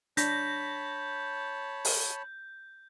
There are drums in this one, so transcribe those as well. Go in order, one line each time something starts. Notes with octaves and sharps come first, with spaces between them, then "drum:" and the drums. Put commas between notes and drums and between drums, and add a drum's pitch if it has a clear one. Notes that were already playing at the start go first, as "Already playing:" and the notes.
D4 C#5 A5 B5 G6 A#6 B6, drum: hi-hat
drum: open hi-hat